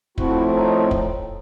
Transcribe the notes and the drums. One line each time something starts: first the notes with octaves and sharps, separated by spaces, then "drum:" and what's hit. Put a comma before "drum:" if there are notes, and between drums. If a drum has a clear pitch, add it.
A2 F3 A3 C4 E4 F#4, drum: kick
D#4
drum: kick